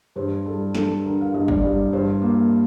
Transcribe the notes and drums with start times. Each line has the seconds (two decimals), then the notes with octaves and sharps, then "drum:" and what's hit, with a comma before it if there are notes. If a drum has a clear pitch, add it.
0.16 G2 C5
0.46 G3 A4
0.74 D4 A4, drum: snare
1.04 D3 A#4
1.21 F5
1.34 G2 D#5
1.48 D5, drum: kick G1
1.63 G3
1.93 G2 C5
2.22 A#3